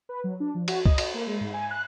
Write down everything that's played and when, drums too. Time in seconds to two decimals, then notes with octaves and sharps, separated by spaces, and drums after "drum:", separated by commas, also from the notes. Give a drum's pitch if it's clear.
0.09 B4
0.24 F#3
0.40 D4
0.55 F3
0.68 F#4, drum: cymbal
0.86 D#5, drum: kick
0.98 F#4, drum: cymbal
1.14 A#3
1.27 G#3
1.41 G#2
1.54 G#5
1.71 F#6